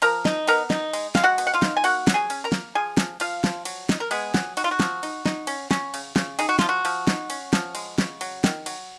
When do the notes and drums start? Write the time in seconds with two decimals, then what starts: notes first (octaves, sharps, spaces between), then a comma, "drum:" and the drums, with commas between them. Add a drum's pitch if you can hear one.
0.02 F3 A#4 A#5, drum: cymbal
0.25 D#4, drum: snare
0.47 B3 A#4 A#5, drum: cymbal
0.70 D#4, drum: snare
0.93 G#3, drum: cymbal
1.15 G#3 F5, drum: snare
1.24 F#4 F#5
1.38 B2, drum: cymbal
1.47 F#5
1.54 F4 F5
1.62 D#4, drum: snare
1.77 G#5
1.84 A#3 F#4 F#5, drum: cymbal
2.07 F#3, drum: snare
2.14 G#4 G#5
2.30 C#4, drum: cymbal
2.44 A#4 A#5
2.52 A#3, drum: snare
2.75 F3 G#4 G#5
2.97 F3, drum: snare
3.20 F3 F4 F5, drum: cymbal
3.44 F3, drum: snare
3.65 F#3, drum: cymbal
3.89 D#4, drum: snare
4.00 A#4
4.11 G#3 B3 G#4, drum: cymbal
4.34 F#3, drum: snare
4.57 D#4 F#4, drum: cymbal
4.64 F4
4.71 F#4
4.80 F3, drum: snare
5.03 D#4, drum: cymbal
5.26 D#4, drum: snare
5.47 C#4, drum: cymbal
5.71 C#4, drum: snare
5.94 C#3, drum: cymbal
6.16 C#3, drum: snare
6.39 D#4 G#4, drum: cymbal
6.49 F#4
6.59 F3 F4, drum: snare
6.69 F#4
6.85 F3, drum: cymbal
7.07 D#4, drum: snare
7.30 C#4, drum: cymbal
7.53 F3, drum: snare
7.75 G#3, drum: cymbal
7.98 C#3, drum: snare
8.21 F#3, drum: cymbal
8.44 D#3, drum: snare
8.66 F#3, drum: cymbal